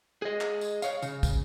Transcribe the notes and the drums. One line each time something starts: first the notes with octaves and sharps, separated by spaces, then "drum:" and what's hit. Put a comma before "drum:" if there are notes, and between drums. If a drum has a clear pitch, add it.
G#4 D#5
drum: clap
drum: tambourine
C#5 F5, drum: tambourine
C#3, drum: tambourine
drum: kick, tambourine